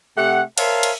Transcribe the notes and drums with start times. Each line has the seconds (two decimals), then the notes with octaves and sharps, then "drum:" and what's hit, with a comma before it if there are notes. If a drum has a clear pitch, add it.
0.17 C3 A3 G4 F#5
0.58 A#4 C5 C#5 E5 F5 A5, drum: cymbal
0.83 drum: cymbal